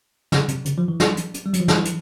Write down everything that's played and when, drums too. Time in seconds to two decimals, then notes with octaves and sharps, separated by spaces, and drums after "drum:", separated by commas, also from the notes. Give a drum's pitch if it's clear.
0.32 C#3, drum: snare
0.48 C3, drum: hi-hat
0.65 C#3, drum: hi-hat
0.78 F3
0.88 E3
1.00 drum: snare
1.17 drum: hi-hat
1.34 drum: hi-hat
1.46 G3
1.53 F#3, drum: hi-hat
1.60 F3
1.68 E3, drum: snare
1.85 drum: hi-hat